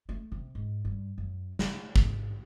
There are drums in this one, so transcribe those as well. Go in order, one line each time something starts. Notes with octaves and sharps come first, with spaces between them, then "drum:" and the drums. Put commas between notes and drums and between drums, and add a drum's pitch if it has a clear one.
A3
C3
G#2
G2
F#2
A3, drum: snare
G#2, drum: kick